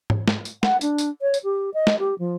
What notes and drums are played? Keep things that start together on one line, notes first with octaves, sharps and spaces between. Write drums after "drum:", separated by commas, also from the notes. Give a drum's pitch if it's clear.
drum: tom G#2
drum: snare
drum: tambourine
F#5, drum: snare
D4, drum: tambourine
drum: tambourine
C#5
drum: tambourine
G4
D#5
drum: snare
G4
F3